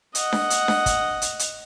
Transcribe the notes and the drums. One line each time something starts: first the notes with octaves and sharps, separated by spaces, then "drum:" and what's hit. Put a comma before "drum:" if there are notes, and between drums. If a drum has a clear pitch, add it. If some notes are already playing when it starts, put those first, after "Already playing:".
D#5 F#5, drum: hi-hat
drum: snare D4
drum: hi-hat
drum: snare D4
drum: kick, hi-hat
drum: hi-hat
drum: hi-hat